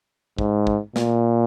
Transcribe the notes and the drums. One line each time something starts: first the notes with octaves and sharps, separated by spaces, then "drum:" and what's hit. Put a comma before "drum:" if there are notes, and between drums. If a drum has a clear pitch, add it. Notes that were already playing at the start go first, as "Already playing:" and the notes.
G#2, drum: kick
drum: kick
A#2, drum: snare